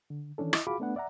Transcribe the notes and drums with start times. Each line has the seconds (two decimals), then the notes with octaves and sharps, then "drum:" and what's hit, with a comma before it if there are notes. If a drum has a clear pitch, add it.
0.10 D3
0.38 D#3 E3 C#4 D4 A4
0.53 E4 D#5, drum: rim click
0.67 F4 F#4 G#4 F5 B5 D6
0.80 A3 B3 D4 B4 F#5
0.96 D5 E5 F#5 A#5